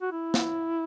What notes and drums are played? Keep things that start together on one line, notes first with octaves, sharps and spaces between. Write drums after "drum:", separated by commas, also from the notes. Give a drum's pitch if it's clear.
F#4
E4
drum: snare